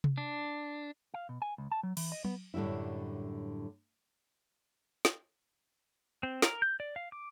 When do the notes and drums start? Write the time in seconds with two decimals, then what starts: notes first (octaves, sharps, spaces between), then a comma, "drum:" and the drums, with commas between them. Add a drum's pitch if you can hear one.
0.04 drum: tom C3
0.18 D4
1.14 F5
1.29 B2
1.42 G#5
1.58 C#2
1.72 A5
1.83 F#3
1.97 E3, drum: cymbal
2.12 D#5
2.25 B3, drum: tom F#3
2.54 F#2 A2 D3 G3 E4
5.05 drum: snare
6.23 C4
6.42 A#4, drum: snare
6.62 G6
6.80 D5
6.96 F5
7.12 D6